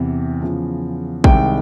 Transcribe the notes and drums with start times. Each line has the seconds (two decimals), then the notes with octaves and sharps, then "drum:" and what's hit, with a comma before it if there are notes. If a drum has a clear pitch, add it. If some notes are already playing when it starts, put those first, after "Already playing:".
Already playing: E2 C3 E3
0.42 E2 C#3 F3
1.24 C2 C3 D#3 G#3 G5, drum: kick